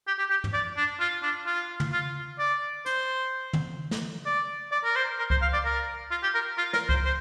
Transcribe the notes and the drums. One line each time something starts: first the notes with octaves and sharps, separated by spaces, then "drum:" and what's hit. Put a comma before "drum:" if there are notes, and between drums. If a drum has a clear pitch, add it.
G4
G4
G4
drum: tom
D5
D4
F4
D4
F4
drum: tom
F4
D5
C5, drum: hi-hat
drum: tom D#3
drum: snare
D5
D5
A#4
C5
A#4
C5, drum: kick C#2
F5
D5
A#4
F4
G4
A#4
F4
A#4, drum: snare
C5, drum: kick C#2
C5